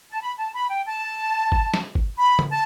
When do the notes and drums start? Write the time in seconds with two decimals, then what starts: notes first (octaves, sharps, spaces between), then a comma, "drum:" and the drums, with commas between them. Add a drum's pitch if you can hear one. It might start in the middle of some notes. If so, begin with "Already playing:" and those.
0.11 A5
0.21 B5
0.38 A5
0.55 B5
0.70 G5
0.86 A5
1.52 drum: kick G1
1.74 drum: snare
1.95 drum: kick G1
2.18 B5
2.39 drum: tom
2.50 A5